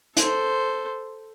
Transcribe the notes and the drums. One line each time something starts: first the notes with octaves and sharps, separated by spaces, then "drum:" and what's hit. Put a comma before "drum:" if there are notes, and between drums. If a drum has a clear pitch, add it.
A4 C5, drum: hi-hat